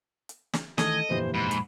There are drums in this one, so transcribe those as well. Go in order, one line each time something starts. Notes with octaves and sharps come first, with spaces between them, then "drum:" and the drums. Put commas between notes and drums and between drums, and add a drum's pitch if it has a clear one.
drum: hi-hat
drum: snare
D#3 E3 A3 A4 D#5 G#6, drum: snare
G1 F2 A#2 E3 G4 C5
G#2 B5
drum: hi-hat